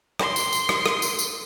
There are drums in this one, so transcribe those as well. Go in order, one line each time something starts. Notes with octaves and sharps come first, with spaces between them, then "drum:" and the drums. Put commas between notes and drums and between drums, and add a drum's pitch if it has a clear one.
C6, drum: rim click
drum: tambourine
drum: tambourine
drum: rim click
drum: rim click
drum: tambourine
drum: tambourine